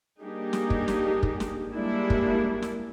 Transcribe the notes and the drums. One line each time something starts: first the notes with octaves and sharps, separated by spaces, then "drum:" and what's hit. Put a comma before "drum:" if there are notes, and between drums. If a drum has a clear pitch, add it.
G3 A#3 D4 D#4 G4 G#4
drum: snare
drum: kick
drum: snare
drum: kick
drum: snare
G3 G#3 A#3 D4 E4
drum: kick
drum: snare